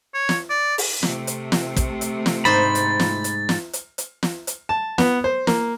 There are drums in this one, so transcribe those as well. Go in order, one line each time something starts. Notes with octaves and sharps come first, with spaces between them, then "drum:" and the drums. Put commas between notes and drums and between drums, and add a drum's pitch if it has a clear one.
C#5
drum: snare
D5
drum: open hi-hat
C3 A3, drum: snare
drum: hi-hat
drum: snare
drum: kick, hi-hat
drum: hi-hat
drum: snare
G#2 C5 A#5 B5 A6
drum: hi-hat
drum: snare
drum: hi-hat
drum: snare
drum: hi-hat
drum: hi-hat
drum: snare
drum: hi-hat
A5
B3, drum: snare
C5
A#3, drum: snare